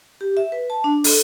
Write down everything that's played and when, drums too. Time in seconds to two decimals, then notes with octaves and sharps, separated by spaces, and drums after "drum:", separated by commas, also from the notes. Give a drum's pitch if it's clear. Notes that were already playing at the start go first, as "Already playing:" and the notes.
0.21 G4
0.37 E5
0.52 B4
0.70 A5
0.84 D4
1.04 A4, drum: open hi-hat